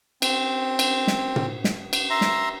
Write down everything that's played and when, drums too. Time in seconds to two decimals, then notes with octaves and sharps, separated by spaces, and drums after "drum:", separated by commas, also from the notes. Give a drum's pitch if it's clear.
0.22 C4, drum: cymbal
0.79 drum: cymbal
1.07 drum: snare
1.36 drum: tom
1.64 drum: snare
1.93 drum: cymbal
2.10 E5 A#5 C6
2.21 drum: snare